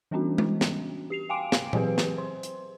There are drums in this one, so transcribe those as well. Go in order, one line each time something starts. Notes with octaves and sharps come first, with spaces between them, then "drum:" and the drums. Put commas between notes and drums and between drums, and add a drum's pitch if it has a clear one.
E3 G3 B3 C#4 D4 F#4
drum: tom G#3
drum: snare
G4 C7 F7
F5 G5 G#5 C6 D6 D7
drum: snare
E3 F#3 C4 G4 G#4 B4, drum: tom A#2
drum: snare
C5 C6
drum: hi-hat